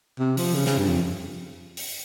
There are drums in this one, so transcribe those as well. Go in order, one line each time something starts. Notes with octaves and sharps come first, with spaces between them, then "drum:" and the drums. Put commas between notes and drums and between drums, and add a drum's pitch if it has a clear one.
C3
F3, drum: open hi-hat
C#3
C#3, drum: snare
G2
F2
drum: open hi-hat